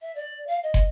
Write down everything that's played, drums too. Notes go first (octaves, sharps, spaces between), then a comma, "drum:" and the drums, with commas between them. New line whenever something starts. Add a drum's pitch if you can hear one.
E5
D5
F5
D#5
drum: kick